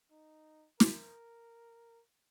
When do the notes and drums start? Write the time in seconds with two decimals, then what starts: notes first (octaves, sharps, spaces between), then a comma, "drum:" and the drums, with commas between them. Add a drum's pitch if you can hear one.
0.11 D#4
0.80 A#4, drum: snare